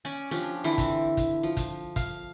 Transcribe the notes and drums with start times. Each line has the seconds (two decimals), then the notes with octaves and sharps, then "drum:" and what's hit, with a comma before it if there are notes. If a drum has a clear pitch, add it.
0.05 C#4 D5 G#5
0.31 F3 C#4 D4 G4
0.64 D3 E3 C4 E4
0.78 drum: kick, hi-hat
1.17 drum: kick, hi-hat
1.43 F3
1.57 drum: kick, hi-hat
1.96 F5, drum: kick, hi-hat